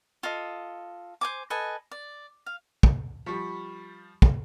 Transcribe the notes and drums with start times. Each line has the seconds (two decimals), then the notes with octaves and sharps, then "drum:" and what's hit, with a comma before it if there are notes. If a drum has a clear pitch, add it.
0.23 F4 A4 D#5
1.21 C5 G#5 D6
1.50 A4 B4 D#5 G#5
1.91 D5
2.46 F5
2.83 drum: kick
3.26 F3 G3 B5 C#6
4.22 drum: kick